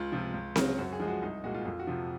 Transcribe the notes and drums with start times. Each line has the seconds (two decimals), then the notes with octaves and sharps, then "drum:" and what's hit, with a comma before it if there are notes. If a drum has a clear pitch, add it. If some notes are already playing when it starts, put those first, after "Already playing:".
Already playing: C#2 F4
0.12 C3 F3
0.34 C#2
0.56 C#3 F#3, drum: snare C4
0.78 F#2 F#4
0.93 G#4
0.99 F3 G#3
1.08 F#4
1.22 C2 D#4
1.44 A#2 G#3 F#4
1.54 F4
1.65 F2 F4
1.79 F#4
1.87 C3 F3